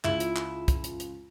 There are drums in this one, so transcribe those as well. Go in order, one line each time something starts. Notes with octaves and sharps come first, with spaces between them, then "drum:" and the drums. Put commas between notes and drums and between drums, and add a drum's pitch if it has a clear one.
C#2 E4 F4, drum: clap
drum: hi-hat
drum: clap
drum: kick, hi-hat
drum: hi-hat
drum: hi-hat